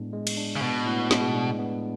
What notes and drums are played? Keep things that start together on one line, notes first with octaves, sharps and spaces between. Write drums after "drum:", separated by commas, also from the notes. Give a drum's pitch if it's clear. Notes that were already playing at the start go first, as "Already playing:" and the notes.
Already playing: A2 G#3 B3 D4
G#3
drum: cymbal
D4
C#3
B2 B3
A2
G#3, drum: snare
D4
B3